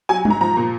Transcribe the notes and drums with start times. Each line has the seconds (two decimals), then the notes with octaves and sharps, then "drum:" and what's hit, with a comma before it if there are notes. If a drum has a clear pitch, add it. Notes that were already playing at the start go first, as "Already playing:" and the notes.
0.09 F#3 G#5
0.25 G#2, drum: tom G3
0.30 A#5
0.41 F3 A#5
0.57 A#2